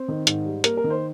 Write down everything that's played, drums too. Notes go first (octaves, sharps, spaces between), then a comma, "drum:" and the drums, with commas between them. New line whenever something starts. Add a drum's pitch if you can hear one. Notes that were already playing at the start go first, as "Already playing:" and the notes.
Already playing: C4 C5
D#3
G#2, drum: hi-hat
G3
A#3 A#4, drum: hi-hat
A#4
D#3
C5